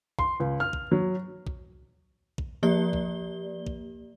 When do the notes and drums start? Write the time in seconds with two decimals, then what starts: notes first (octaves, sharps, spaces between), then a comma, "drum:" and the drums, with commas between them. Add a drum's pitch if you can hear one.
0.19 C6, drum: kick A#1
0.40 C#2
0.60 F6
0.73 drum: kick A#1
0.92 F#3
1.47 drum: kick A#1
2.38 drum: kick A#1
2.63 F3 A#3 G4 D5 G7
2.93 drum: kick A#1
3.67 drum: kick A#1